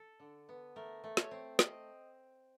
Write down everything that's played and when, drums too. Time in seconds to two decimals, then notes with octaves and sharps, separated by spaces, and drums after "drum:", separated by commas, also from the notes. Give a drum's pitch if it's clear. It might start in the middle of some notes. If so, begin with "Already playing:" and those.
Already playing: A4
0.20 D3
0.49 B3
0.76 A3 A#4
1.04 A3
1.17 C#5, drum: snare
1.31 C4
1.59 C4 D#5, drum: snare